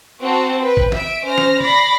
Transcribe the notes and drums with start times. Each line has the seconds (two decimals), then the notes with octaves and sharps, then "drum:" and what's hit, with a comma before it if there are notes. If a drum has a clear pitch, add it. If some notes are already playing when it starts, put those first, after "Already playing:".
0.21 C4 F#4 A5
0.63 B4 G5
0.77 drum: kick
0.92 E5 D7, drum: snare
1.26 C#4 C5 F6 A#6
1.38 drum: snare
1.61 D5 B5 A#6 C7, drum: tom